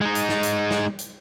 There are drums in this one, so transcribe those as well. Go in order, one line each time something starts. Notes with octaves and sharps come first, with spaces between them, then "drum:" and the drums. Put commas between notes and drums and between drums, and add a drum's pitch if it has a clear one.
G#3 D#4
drum: hi-hat
drum: snare
drum: hi-hat
drum: snare
drum: hi-hat